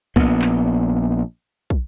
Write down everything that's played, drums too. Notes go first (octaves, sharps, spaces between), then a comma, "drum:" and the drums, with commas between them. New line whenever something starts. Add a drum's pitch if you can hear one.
A#1 A#3 B3, drum: kick
drum: clap
drum: kick